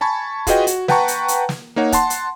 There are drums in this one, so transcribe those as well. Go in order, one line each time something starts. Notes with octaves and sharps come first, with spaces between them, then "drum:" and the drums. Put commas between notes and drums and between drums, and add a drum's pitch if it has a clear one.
G#5 A5 B5 C#6 G#6
F4 F#4 G#4 B4 D#5 G5, drum: kick, hi-hat
F#4, drum: hi-hat
B4 F#5 G5 A5 A#5 C#6, drum: snare
drum: hi-hat
drum: hi-hat
drum: snare
A#3 D#4 C#5 F#5
F#5 A5 C6, drum: kick, hi-hat
drum: hi-hat